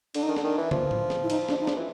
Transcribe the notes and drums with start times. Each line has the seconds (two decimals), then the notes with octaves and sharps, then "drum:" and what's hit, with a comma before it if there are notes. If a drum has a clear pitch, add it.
0.14 D3 D4, drum: cymbal
0.23 D#4
0.28 D#3 D4
0.36 D3, drum: snare
0.44 D#3
0.58 E3
0.71 F3, drum: tom
0.91 drum: tom A2
1.10 drum: snare
1.23 E4
1.30 D#4, drum: cymbal
1.48 D4, drum: snare
1.61 D#4
1.67 D4, drum: snare
1.76 E3